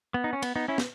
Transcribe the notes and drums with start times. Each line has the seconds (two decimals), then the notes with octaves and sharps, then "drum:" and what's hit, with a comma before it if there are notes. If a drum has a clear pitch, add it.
0.14 B3
0.24 D#4
0.33 C#4
0.42 B3, drum: cymbal
0.56 B3 D#4
0.68 C#4 E4
0.78 drum: snare